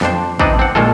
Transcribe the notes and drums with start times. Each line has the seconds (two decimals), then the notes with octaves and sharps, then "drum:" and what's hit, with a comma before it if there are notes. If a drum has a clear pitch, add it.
0.01 F2 D4 C5, drum: snare
0.39 E3 C4 D4 D#4 D5 D#5, drum: kick A1
0.59 C4 F#5
0.75 A#2 D#3 G#3 F4 A4